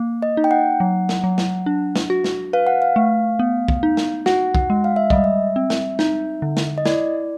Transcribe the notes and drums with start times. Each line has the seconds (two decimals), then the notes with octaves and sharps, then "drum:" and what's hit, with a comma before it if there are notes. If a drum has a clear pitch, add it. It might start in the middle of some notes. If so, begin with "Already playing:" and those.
Already playing: A#3
0.22 D#5
0.37 D#4
0.44 G5
0.51 F#5
0.80 F#3
1.09 drum: snare
1.24 F#3
1.38 drum: snare
1.66 D4
1.96 drum: snare
2.10 F#4
2.24 drum: snare
2.53 B4 F5
2.67 F#5
2.82 F5
2.96 A3
3.39 B3
3.68 drum: kick
3.83 D#4
3.97 drum: snare
4.26 F#4 F#5, drum: snare
4.55 F#5, drum: kick
4.70 G#3
4.84 F5
4.96 E5
5.10 G3 D#5, drum: kick
5.24 E5
5.56 C4
5.70 drum: snare
5.99 D#4, drum: snare
6.42 D3
6.57 drum: snare
6.78 D#5
6.85 E4 D5, drum: snare